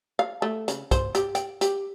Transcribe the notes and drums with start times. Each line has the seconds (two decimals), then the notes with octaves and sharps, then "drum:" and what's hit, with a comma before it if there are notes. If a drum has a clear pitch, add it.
0.19 F5
0.42 A3
0.68 C#3, drum: hi-hat
0.91 C5, drum: kick, hi-hat
1.15 G4, drum: hi-hat
1.35 G5, drum: hi-hat
1.61 G4, drum: hi-hat